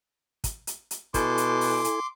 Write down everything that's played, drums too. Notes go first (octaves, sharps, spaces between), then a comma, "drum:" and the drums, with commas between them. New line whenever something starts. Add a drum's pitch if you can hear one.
drum: kick, hi-hat
drum: hi-hat
drum: hi-hat
B2 E4 A4 G#5 C6 D6, drum: kick, hi-hat
drum: hi-hat
drum: open hi-hat
drum: hi-hat